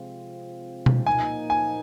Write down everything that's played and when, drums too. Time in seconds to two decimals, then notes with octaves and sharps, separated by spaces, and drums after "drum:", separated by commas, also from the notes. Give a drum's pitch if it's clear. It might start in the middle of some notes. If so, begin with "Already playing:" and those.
Already playing: C3 F3 G#3 C4 F4
0.86 drum: tom
1.06 A#2 F3 A#3 D#4 G#5
1.50 G#5